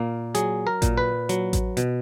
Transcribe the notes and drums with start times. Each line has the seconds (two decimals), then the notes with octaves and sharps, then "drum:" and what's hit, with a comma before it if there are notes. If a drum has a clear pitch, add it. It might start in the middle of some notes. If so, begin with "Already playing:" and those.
Already playing: A#2 A#3
0.35 F#3 G#4, drum: hi-hat
0.67 A#4
0.82 A#2, drum: kick A1, hi-hat
0.98 B4
1.29 F#3, drum: hi-hat
1.53 drum: kick A1, hi-hat
1.77 B2, drum: hi-hat